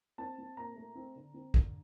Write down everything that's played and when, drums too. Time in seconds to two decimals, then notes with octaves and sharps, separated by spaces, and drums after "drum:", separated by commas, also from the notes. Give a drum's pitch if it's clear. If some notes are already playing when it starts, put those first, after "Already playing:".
0.18 C4 A5
0.38 C4
0.57 A#2 A#5
0.76 A3
0.95 C4
1.15 D3
1.34 C4
1.54 D3, drum: kick